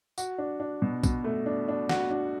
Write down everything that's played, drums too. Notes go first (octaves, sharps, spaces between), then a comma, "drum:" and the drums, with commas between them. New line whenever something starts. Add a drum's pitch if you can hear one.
F#4, drum: tambourine
D4
D4
B2
B2, drum: kick, tambourine
A3
D4
D4
F#4, drum: snare
D4